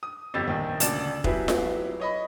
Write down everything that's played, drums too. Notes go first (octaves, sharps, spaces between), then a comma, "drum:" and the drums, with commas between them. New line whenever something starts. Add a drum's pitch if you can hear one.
D#6
G1 F2 G4 E6 G6 A6
A#1 D#3
D2 A#2 C#3 D5 A5 E7, drum: hi-hat
F#3 B3 E4 G4 G#4 B4, drum: kick F1
drum: snare F4
C#5 D#5 B5